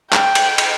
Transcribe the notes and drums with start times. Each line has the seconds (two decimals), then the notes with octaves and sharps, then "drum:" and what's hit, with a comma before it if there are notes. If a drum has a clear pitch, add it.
0.13 G5, drum: clap
0.35 drum: cymbal
0.58 drum: cymbal